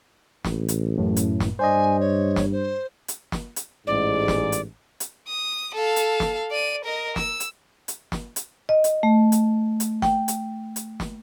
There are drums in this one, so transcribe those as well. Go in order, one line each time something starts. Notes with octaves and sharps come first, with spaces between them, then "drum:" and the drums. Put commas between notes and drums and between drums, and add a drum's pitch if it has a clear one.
A1, drum: snare
drum: hi-hat
F#2 A2
drum: hi-hat
drum: snare
G2 C5 D5 D#5 G#5
C#5
drum: snare
C5
drum: hi-hat
drum: snare
drum: hi-hat
A1 G#2 D5
drum: snare
drum: hi-hat
drum: hi-hat
D#6
A4 F5
drum: hi-hat
drum: snare
D5 D#7
A#4 D#5
E6, drum: snare
drum: hi-hat
drum: hi-hat
drum: snare
drum: hi-hat
D#5
drum: hi-hat
A3
drum: hi-hat
drum: hi-hat
G5, drum: snare
drum: hi-hat
drum: hi-hat
drum: snare